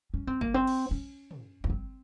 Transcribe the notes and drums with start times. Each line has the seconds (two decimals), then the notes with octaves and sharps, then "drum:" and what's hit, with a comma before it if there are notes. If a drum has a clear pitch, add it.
0.14 C#4
0.27 C4
0.41 A#3, drum: kick G1
0.54 C4
0.67 drum: cymbal
0.91 C#4
1.31 drum: tom
1.64 A#3, drum: kick G1
1.70 C4